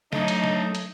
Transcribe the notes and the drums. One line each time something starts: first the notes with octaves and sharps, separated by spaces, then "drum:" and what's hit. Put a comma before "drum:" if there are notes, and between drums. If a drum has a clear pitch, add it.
F#3 A3 D4 D#4 D#5, drum: snare
drum: hi-hat
drum: snare
drum: hi-hat